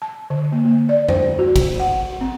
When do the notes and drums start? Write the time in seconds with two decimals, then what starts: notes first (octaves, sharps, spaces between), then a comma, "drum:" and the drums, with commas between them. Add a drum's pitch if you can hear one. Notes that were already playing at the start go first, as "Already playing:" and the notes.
0.02 A5
0.30 D3
0.52 A#3
0.65 A#3
0.89 D5
1.09 C5, drum: tom F2
1.39 F#4
1.56 drum: kick, cymbal
1.80 F#5
2.21 C4